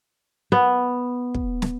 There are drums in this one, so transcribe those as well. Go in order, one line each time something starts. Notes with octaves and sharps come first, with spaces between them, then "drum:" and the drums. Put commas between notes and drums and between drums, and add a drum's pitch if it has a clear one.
B3
drum: kick
drum: snare